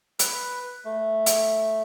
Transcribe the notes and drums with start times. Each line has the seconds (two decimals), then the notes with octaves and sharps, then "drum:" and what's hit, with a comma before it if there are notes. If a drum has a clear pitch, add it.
0.19 B4, drum: hi-hat
0.85 A3
1.26 drum: hi-hat